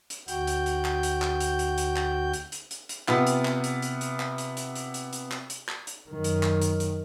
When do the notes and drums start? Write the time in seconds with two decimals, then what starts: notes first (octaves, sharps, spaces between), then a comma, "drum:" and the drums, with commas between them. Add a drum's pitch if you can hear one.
0.10 drum: hi-hat
0.28 D2 F#4 G5 G6, drum: hi-hat
0.47 drum: hi-hat
0.66 drum: hi-hat
0.85 drum: clap
1.03 drum: hi-hat
1.22 drum: clap
1.40 drum: hi-hat
1.59 drum: hi-hat
1.78 drum: hi-hat
1.96 drum: clap
2.34 drum: hi-hat
2.52 drum: hi-hat
2.71 drum: hi-hat
2.89 drum: hi-hat
3.08 C3 B3 F4, drum: clap
3.27 drum: hi-hat
3.45 drum: clap
3.64 drum: hi-hat
3.82 drum: hi-hat
4.01 drum: hi-hat
4.20 drum: clap
4.38 drum: hi-hat
4.57 drum: hi-hat
4.75 drum: hi-hat
4.94 drum: hi-hat
5.13 drum: hi-hat
5.31 drum: clap
5.50 drum: hi-hat
5.69 drum: clap
5.87 drum: hi-hat
6.10 F#2 D#3
6.24 drum: hi-hat
6.43 drum: clap
6.62 drum: hi-hat
6.80 drum: hi-hat